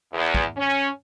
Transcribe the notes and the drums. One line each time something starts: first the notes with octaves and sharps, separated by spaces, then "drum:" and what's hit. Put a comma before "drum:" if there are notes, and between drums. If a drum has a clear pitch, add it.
E2
drum: kick
C#4